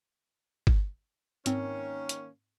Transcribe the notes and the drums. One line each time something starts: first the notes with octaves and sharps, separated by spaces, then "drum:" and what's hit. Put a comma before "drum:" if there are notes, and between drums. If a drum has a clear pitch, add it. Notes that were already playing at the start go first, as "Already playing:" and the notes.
drum: kick G1
G#2 D#3 A#3 C4 C#4, drum: hi-hat
drum: hi-hat